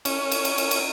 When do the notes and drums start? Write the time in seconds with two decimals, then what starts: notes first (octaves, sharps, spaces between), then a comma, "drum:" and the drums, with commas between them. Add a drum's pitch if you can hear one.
0.05 C#4, drum: cymbal
0.31 drum: cymbal
0.45 drum: cymbal
0.58 drum: cymbal
0.71 drum: cymbal